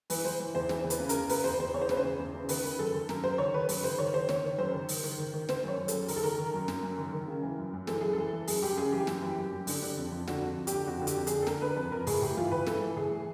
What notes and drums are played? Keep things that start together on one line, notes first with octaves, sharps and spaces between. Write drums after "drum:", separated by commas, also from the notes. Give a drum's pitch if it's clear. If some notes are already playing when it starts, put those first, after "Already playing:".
E3 B4, drum: open hi-hat
E3 C5
E3
E2 C5
E3 C5, drum: snare
E2
B4, drum: hi-hat
C#3
A#4, drum: hi-hat
E2
E2 B4, drum: open hi-hat
E2 C5
E2 C5
E2 C#5
C5
C#3 B4, drum: snare
C5
E2
E2
C#3
D#3 B4, drum: open hi-hat
D#3
F#2 A4
D#3
F#2 A#4, drum: snare
F#2 C5
D#3 C#5
D#3 B4
F#2 B4, drum: open hi-hat
D#3 C5
D#3 C#5
D#3 C5
D#3 C#5, drum: snare
D#3
F#2 C5
D#3
D#3, drum: open hi-hat
D#3
D#3
D#3
D#3 C5, drum: snare
F#2 C#5
F#2
F#2 A4, drum: hi-hat
D#3 A#4, drum: open hi-hat
A4
D#3 A#4
D#3
F#2
F#2, drum: snare
F#2
D#3
D#3
C#3
E3
F#2
F#2
E3 A4, drum: snare
F#2 G#4
E3 A4
E3
F#2 G#4, drum: open hi-hat
F#2 G4
C#3 G#4
E3 G4
F#2, drum: snare
E3
F#2
F#2
D3, drum: open hi-hat
D3
F2
F2
D3 F#4, drum: snare
F2
F2
G4, drum: hi-hat
D3
F2 F#4
D3
G4, drum: hi-hat
F2
G#4, drum: hi-hat
D3
A4
D3 A#4, drum: snare
D3 B4
F2 B4
F2 A#4
A2 G#4, drum: open hi-hat
A2 G4
E3 F4
A2 B4
E3 A4, drum: snare
E3
A2 G#4
E3